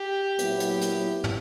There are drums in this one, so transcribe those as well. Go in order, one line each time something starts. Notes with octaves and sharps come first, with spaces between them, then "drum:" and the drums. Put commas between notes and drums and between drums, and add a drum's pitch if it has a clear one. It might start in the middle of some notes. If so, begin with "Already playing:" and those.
Already playing: G4
A#2 F#3 B3 E4, drum: hi-hat
drum: hi-hat
drum: hi-hat
drum: tom